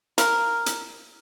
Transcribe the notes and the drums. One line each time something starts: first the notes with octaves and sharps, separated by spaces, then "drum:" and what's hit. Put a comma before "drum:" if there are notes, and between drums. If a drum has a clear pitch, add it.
A#4, drum: hi-hat
drum: hi-hat